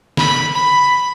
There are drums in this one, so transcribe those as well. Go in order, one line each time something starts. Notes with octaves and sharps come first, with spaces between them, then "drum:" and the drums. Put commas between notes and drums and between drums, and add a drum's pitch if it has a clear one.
B5, drum: snare
B5